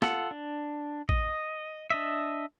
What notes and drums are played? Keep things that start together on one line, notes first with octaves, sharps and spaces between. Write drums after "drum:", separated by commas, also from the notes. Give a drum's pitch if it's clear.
F4 A4 F#5, drum: snare
D4
D#5, drum: kick
D4 D#5 E5